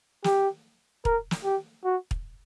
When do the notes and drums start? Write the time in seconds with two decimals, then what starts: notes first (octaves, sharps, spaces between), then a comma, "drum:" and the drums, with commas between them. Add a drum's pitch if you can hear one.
0.24 G4, drum: snare
1.05 A#4, drum: kick
1.31 drum: snare
1.44 G4
1.84 F#4
2.11 drum: kick